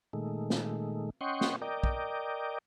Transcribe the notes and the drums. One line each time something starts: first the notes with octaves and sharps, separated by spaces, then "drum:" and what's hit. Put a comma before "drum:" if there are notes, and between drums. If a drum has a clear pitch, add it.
A#2 D#3 G#3 A3
drum: snare
C#4 D#5 F#5 G5 C6 C#6
drum: snare
A#4 D5 D#5 G5
drum: kick